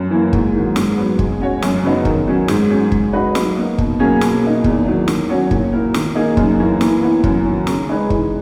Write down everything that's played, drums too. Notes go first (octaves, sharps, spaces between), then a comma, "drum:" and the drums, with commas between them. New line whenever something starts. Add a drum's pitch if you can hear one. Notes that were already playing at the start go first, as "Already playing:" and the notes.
Already playing: F#2
E3 A#3
G#2, drum: kick
D#3 F#3
G#2, drum: snare
F#3 B3
G#3, drum: kick
C#4 F#4 C#5
F#2, drum: snare
C#3 F#3 B3 D#4
D#3, drum: kick
F#3 C#4
G#2, drum: snare
F#3 C#4
G#3, drum: kick
D#4 F#4 B4
F#3, drum: snare
A#3 D#4
B2, drum: kick
F#3 A#3 C#4 G#4
B2, drum: snare
A#3 D#4
E2, drum: kick
D#3 F#3
D#3, drum: snare
F#3 C#4 F#4 C#5
A#2, drum: kick
A#3 E4 A#4
D#3, drum: snare
A#3 D#4 G#4
F#2, drum: kick
E3 A#3
E3, drum: snare
B3 E4
F#2, drum: kick
D#3 F#3
C#3, drum: snare
G#3 D#4 G#4 B4
E3, drum: kick